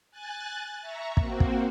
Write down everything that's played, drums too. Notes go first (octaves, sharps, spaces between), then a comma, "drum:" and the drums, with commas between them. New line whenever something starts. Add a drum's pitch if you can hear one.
G#5 F#6 A6
E5 A#5 C#6
A#3 C4 F#4, drum: kick
drum: kick